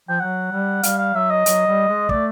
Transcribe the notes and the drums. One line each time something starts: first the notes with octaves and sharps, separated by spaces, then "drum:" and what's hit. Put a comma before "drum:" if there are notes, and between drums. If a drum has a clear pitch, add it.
F3 G5
F#3 F#5
G3
G3 F5, drum: hi-hat
F5
F#3 E5
D#5
F#3, drum: hi-hat
G3
G#3
A3 D5, drum: kick